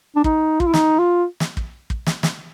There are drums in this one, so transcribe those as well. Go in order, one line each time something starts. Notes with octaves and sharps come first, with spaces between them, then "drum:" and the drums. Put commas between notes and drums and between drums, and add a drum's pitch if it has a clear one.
D4
D#4, drum: kick
F4, drum: kick
E4
D#4, drum: snare
F4
drum: snare
drum: kick
drum: kick
drum: snare
drum: snare